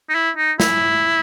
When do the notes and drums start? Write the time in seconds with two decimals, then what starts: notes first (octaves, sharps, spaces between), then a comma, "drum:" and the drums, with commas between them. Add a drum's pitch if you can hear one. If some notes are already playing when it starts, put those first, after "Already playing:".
0.09 D#4
0.15 E4
0.37 D#4
0.60 E4, drum: snare